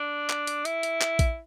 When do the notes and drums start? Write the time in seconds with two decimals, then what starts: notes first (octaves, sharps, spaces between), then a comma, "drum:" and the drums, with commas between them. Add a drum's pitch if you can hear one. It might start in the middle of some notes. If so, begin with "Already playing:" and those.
Already playing: D4
0.30 drum: clap
0.47 drum: hi-hat
0.65 E4, drum: hi-hat
0.83 drum: hi-hat
1.01 drum: clap
1.19 drum: kick A#1, hi-hat